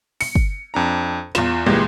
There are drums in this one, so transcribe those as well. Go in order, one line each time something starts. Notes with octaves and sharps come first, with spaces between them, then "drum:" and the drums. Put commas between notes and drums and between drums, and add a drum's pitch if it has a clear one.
C#7, drum: open hi-hat
drum: kick
F2 D4 A#5
E2 F4 E7, drum: snare
C#2 A#2 E3 G#3 G4